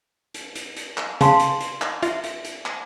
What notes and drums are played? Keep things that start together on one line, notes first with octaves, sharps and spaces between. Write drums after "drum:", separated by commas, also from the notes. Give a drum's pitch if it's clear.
drum: hi-hat
drum: hi-hat
drum: hi-hat
drum: clap
C#3 F5 A5 C6, drum: hi-hat
drum: hi-hat
drum: hi-hat
drum: clap
F4 E5, drum: hi-hat
drum: hi-hat
drum: hi-hat
drum: clap